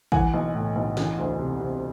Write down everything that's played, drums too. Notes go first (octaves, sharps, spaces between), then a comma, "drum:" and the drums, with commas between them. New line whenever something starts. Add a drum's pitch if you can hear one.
E3 F#5 G#5, drum: kick A1
B1
A2
B1
E3, drum: snare
D2
C3
C3